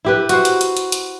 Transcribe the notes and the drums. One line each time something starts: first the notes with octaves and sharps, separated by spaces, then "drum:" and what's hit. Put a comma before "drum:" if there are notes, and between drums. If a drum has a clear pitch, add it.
E4 G4 B4
F#4 C5, drum: hi-hat
drum: hi-hat
drum: hi-hat
drum: hi-hat
drum: hi-hat